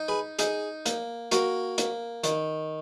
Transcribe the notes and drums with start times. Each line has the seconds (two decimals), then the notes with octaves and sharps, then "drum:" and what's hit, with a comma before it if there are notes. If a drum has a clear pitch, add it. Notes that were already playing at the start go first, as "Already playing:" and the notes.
Already playing: D#4
0.08 G#4 B4
0.39 D#4 G#4, drum: hi-hat
0.86 A#3, drum: hi-hat
1.31 A#3 F#4 A#4, drum: hi-hat
1.78 A#3, drum: hi-hat
2.24 D#3, drum: hi-hat